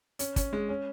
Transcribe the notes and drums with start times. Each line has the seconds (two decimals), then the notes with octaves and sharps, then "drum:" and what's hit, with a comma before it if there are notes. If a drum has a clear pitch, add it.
0.19 C#4, drum: hi-hat
0.36 C#4, drum: kick, hi-hat
0.53 G#3
0.69 C#4